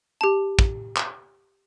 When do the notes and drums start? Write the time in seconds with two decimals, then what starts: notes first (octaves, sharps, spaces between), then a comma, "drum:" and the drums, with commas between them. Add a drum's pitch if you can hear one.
0.21 G4 A5
0.59 drum: kick
0.96 drum: clap